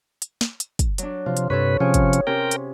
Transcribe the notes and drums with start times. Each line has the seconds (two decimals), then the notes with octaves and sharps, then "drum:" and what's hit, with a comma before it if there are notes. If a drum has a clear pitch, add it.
0.22 drum: hi-hat
0.41 drum: snare
0.60 drum: hi-hat
0.79 drum: kick, hi-hat
0.98 F#3 D4, drum: hi-hat
1.26 C3 F3 F4
1.37 drum: hi-hat
1.50 G2 C3 A4 B4 C#5 C#6
1.80 C3 F3 C#4 G#4 C#5 G5
1.94 drum: kick, hi-hat
2.13 drum: hi-hat
2.27 C3 C#4 A#4 G5
2.51 drum: hi-hat